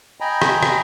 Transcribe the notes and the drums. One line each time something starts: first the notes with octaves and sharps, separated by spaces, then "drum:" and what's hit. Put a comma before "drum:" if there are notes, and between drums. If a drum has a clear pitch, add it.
D#5 G5 G#5 A#5 B5
drum: rim click
drum: rim click